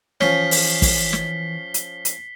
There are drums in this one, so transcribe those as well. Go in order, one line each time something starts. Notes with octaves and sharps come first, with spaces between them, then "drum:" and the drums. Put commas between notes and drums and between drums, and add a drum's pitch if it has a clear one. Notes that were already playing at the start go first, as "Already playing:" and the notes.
E3 F3 C#4 B6 C7 G7, drum: snare
drum: open hi-hat
drum: kick, open hi-hat
drum: snare
drum: hi-hat
drum: hi-hat